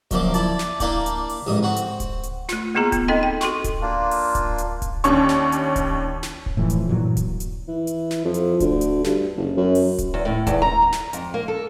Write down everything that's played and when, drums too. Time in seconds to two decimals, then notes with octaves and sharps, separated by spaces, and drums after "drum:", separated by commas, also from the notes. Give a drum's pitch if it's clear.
0.11 F#2 A#2 F3 D6, drum: kick D1, hi-hat
0.34 E4 D5 A5, drum: hi-hat
0.59 drum: snare
0.80 A#3 D4 E4 D5 G5, drum: kick D1, hi-hat
1.06 drum: hi-hat
1.29 drum: open hi-hat
1.47 A1 G#2 D#6
1.63 C4 F#4
1.76 drum: hi-hat
2.00 drum: kick D1, hi-hat
2.23 drum: hi-hat
2.49 A3 F4, drum: snare
2.74 A#3 B3 F4 G#4 A#5
2.92 B3, drum: kick D1, hi-hat
3.08 C4 D#4 A4 D#5 G5 C6
3.23 G5
3.41 F#4 A4 C6 C#6, drum: snare
3.64 drum: kick D1, hi-hat
3.81 A#3 D4 F4
4.11 drum: open hi-hat
4.35 drum: kick D1, hi-hat
4.58 drum: hi-hat
4.82 drum: kick D1, hi-hat
5.04 D#2 C#4 D4 C#5 C#6, drum: hi-hat
5.29 drum: snare
5.52 drum: hi-hat
5.76 drum: kick D1, hi-hat
6.23 drum: snare
6.46 drum: kick D1
6.57 A2 E3 F3
6.70 drum: hi-hat
6.88 G2 A#2 E3 F#3
7.17 drum: kick D1, hi-hat
7.40 drum: hi-hat
7.68 E3
7.87 drum: hi-hat
8.11 drum: snare
8.25 F2
8.34 drum: hi-hat
8.60 D2, drum: kick D1, hi-hat
8.81 drum: hi-hat
9.04 G2, drum: snare
9.37 F#1
9.57 F#2
9.75 drum: open hi-hat
9.98 drum: kick D1, hi-hat
10.14 E2
10.25 A2
10.47 E2, drum: kick D1, hi-hat
10.62 A#5
10.82 A#5
10.92 drum: snare
11.13 F2, drum: hi-hat
11.34 A#3
11.48 A4